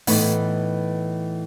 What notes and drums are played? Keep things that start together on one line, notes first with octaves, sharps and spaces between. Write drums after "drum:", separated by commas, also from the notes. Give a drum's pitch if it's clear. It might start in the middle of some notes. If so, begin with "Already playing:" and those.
A2 E3 B3 D#4, drum: open hi-hat